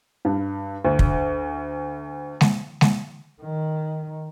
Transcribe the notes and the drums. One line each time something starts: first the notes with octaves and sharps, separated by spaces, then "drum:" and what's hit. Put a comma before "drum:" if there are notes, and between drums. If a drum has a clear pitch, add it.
G2
D2
drum: kick
drum: snare G#3
drum: snare G#3
D#3